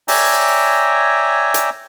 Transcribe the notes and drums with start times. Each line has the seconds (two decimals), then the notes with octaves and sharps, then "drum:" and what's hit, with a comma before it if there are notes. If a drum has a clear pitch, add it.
0.08 C#5 D5 E5 G5 G#5 A#5, drum: open hi-hat
1.54 drum: hi-hat